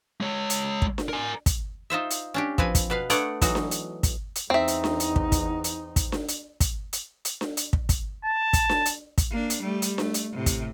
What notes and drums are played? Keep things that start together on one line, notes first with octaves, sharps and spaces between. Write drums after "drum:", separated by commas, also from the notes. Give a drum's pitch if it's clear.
G#3 C#5
drum: hi-hat
drum: kick
drum: snare D4
A#4 G#5
drum: kick, hi-hat
D#4 F4 C5 E5
drum: hi-hat
C#4 D4 G4
F3 C4 B4 G#5, drum: kick
drum: kick, hi-hat
B2 B4 F5
A3 B3 D4 C#5 D5 F#5, drum: hi-hat
E3 F#3 D#4 F#4, drum: kick, hi-hat
drum: snare D4
drum: hi-hat
drum: kick, hi-hat
drum: hi-hat
E2 C4 D#4 E5
drum: hi-hat
drum: snare D4
drum: hi-hat
drum: kick
drum: kick, hi-hat
drum: hi-hat
drum: kick, hi-hat
drum: snare D4
drum: hi-hat
drum: kick, hi-hat
drum: hi-hat
drum: hi-hat
drum: snare D4
drum: hi-hat
drum: kick
drum: kick, hi-hat
A5
drum: kick, hi-hat
drum: snare D4
drum: hi-hat
drum: kick, hi-hat
A#3 D4
drum: hi-hat
G3 A3
drum: hi-hat
A3, drum: snare D4
drum: hi-hat
A2 C3
drum: kick, hi-hat